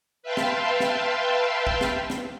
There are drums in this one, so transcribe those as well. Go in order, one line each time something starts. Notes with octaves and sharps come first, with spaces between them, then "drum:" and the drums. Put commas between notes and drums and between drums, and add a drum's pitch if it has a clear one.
B4 E5 F5 G5 A5 C6
drum: snare
drum: snare
drum: kick
drum: snare
drum: snare